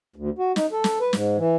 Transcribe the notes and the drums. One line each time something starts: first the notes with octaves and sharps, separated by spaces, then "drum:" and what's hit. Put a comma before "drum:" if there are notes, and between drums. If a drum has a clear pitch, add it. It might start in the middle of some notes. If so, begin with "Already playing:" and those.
D2
F#4
D#4, drum: snare
A4
drum: snare
B4
G#2, drum: snare
E3